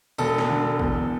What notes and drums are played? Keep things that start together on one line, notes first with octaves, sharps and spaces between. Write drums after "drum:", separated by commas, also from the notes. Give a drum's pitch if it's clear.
E1 A4, drum: tambourine
drum: snare
D3
E2, drum: kick